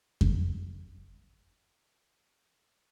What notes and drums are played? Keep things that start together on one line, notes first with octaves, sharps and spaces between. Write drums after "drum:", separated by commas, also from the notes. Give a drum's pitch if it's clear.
drum: kick F2
G#2 F3 D5 B5
B1 E3
G2 F3 A3 F#4